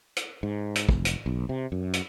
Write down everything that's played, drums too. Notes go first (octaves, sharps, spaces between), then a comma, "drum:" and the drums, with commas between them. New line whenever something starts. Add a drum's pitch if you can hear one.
drum: hi-hat
G#2
drum: hi-hat
F1, drum: kick
drum: hi-hat
B1
C3
F#2
drum: hi-hat